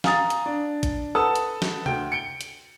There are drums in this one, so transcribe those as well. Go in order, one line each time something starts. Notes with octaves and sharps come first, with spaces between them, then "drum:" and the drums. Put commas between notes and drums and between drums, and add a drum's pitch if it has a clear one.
F5 G#5 A#5 D#6 A6, drum: snare
drum: hi-hat
D4
drum: kick A1, hi-hat
A4 B4 F#5 A5 D#6 E6
drum: hi-hat
drum: snare
D2 G5, drum: tom C3
C#7 D7 G7
drum: hi-hat